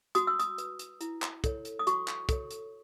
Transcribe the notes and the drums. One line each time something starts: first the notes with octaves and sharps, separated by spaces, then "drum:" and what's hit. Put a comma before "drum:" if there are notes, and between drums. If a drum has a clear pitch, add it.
F#4 D#6, drum: hi-hat
E6
D#6, drum: hi-hat
B4, drum: hi-hat
drum: hi-hat
E4, drum: hi-hat
drum: clap
A4 C#5, drum: kick, hi-hat
drum: hi-hat
D#6
F#4 C#6, drum: hi-hat
drum: clap
A4 C#5, drum: kick, hi-hat
drum: hi-hat